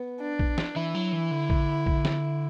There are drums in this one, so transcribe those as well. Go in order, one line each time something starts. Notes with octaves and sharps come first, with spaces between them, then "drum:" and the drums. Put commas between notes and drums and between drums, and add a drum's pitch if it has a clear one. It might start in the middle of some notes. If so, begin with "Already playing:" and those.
Already playing: B3
D4
drum: kick A#1
drum: snare
E3 E4
F#3
E3
D3
drum: kick A#1
drum: kick A#1
drum: snare